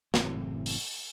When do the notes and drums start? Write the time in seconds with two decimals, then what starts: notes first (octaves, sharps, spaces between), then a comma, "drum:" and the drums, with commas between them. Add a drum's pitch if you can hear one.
0.14 F#1 A2 E3 C4, drum: snare
0.66 drum: open hi-hat